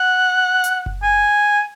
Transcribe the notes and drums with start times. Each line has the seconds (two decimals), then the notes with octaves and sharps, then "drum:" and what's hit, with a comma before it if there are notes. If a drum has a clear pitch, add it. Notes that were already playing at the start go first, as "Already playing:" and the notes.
Already playing: F#5
0.64 drum: hi-hat
0.86 drum: kick F#1
1.03 G#5